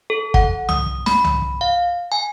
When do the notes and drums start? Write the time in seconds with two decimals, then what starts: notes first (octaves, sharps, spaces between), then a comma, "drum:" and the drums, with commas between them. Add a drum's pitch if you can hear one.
0.10 A4
0.34 F#5, drum: kick
0.69 D#6, drum: tom C2
1.06 B5, drum: snare
1.24 drum: tom C2
1.61 F5
2.12 G#5